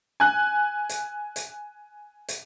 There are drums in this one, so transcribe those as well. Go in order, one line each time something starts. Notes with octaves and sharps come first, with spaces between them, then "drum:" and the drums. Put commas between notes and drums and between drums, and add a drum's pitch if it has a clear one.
G#5 F#6
drum: hi-hat
drum: hi-hat
drum: hi-hat